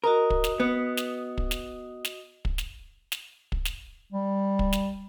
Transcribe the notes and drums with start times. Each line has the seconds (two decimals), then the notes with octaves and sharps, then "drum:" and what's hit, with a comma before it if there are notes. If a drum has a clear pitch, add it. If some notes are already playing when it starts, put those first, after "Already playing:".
0.04 F#4 A#4 D#5 D#6
0.30 drum: kick
0.44 drum: snare
0.60 B3
0.97 drum: snare
1.38 drum: kick
1.51 drum: snare
2.05 drum: snare
2.45 drum: kick
2.58 drum: snare
3.12 drum: snare
3.52 drum: kick
3.65 drum: snare
4.13 G3
4.59 drum: kick
4.73 drum: snare